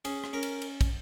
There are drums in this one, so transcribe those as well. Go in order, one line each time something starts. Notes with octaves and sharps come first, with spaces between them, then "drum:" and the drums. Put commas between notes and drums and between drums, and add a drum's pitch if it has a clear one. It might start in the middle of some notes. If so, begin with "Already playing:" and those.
C#4 G#4, drum: cymbal
drum: rim click
C#4 A#4
drum: cymbal
drum: cymbal
drum: kick, cymbal